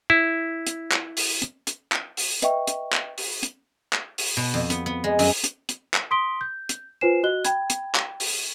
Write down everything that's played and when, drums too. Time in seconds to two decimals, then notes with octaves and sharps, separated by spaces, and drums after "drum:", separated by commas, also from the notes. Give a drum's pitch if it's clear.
0.10 E4
0.67 drum: hi-hat
0.92 drum: clap
1.17 drum: open hi-hat
1.42 drum: hi-hat
1.67 drum: hi-hat
1.92 drum: clap
2.17 drum: open hi-hat
2.42 B4 D#5 E5 G5 C#6, drum: hi-hat
2.67 drum: hi-hat
2.93 drum: clap
3.18 drum: open hi-hat
3.43 drum: hi-hat
3.93 drum: clap
4.18 drum: open hi-hat
4.37 B2
4.54 F2
4.70 B3, drum: hi-hat
4.86 B3
5.04 G#3
5.19 F#2, drum: open hi-hat
5.44 drum: hi-hat
5.69 drum: hi-hat
5.94 drum: clap
6.11 C6 D#6 B6 D7 G7
6.41 G6
6.69 drum: hi-hat
7.01 F4 B4 C5 G#5 C7 E7
7.23 F#4 D#5 F#6 G7
7.45 G5 B5 G#6, drum: hi-hat
7.70 drum: hi-hat
7.95 drum: clap
8.20 drum: open hi-hat